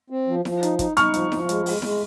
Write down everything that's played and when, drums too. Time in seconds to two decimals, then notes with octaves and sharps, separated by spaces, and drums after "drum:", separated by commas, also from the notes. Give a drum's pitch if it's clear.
0.10 C4
0.28 F3
0.45 F3, drum: snare E4
0.63 D#4, drum: hi-hat
0.79 D#4, drum: kick, hi-hat
0.97 D#4 C#6 F6, drum: hi-hat
1.14 F3, drum: hi-hat
1.32 F3, drum: snare E4
1.49 G#3, drum: hi-hat
1.66 G#3, drum: open hi-hat
1.82 G#3, drum: snare E4